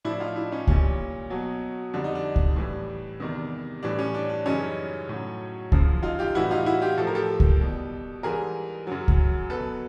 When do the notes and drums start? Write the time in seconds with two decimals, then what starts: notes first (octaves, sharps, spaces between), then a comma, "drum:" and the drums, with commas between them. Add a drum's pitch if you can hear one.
0.05 A2 F3 D4 E4
0.20 D#4 F4
0.36 D4 E4
0.52 C#4 D#4
0.67 A#2 G3 C#4, drum: kick C#2
1.30 B2 F#3
1.93 F2 D3 G3 D4
2.04 D#4
2.15 D4
2.36 drum: kick C#2
2.56 A2 E3 G3
3.20 E2 C3 D#3 G3
3.83 A2 E3 G3 D4
3.99 C#4
4.14 D4
4.30 D4
4.46 F#2 C#3 E3 G3 C#4 D#4
5.09 A2 F#3
5.72 F#2 C#3 F3, drum: kick C#2
6.03 D#4 F4
6.19 F4 G4
6.34 A2 E3 G3 E4 F#4
6.51 D#4 F4
6.66 E4 F#4
6.82 F4 G4
6.98 A2 F3 A4
7.07 A#4
7.15 G4 A4
7.40 drum: kick C#2
7.61 B2 G3
8.23 G#2 E3 G3 G#4 A#4
8.87 F#2 C#3 F#3
9.08 drum: kick C#2
9.49 B2 F#3 A4 B4